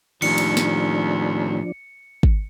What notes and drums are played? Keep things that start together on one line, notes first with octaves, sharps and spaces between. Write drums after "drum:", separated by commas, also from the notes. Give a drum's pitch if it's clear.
D#2 A2 D#3 F3 D4 C#7, drum: cymbal
drum: cymbal
drum: snare
drum: kick G#1